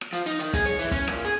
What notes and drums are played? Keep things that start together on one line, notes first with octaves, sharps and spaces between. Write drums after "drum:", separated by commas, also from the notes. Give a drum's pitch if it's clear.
drum: rim click
F3, drum: hi-hat
D#4, drum: hi-hat
D#3, drum: hi-hat
G#4, drum: kick, hi-hat
C#5, drum: hi-hat
E3, drum: hi-hat
C#4, drum: kick, hi-hat
A#2, drum: rim click
G#4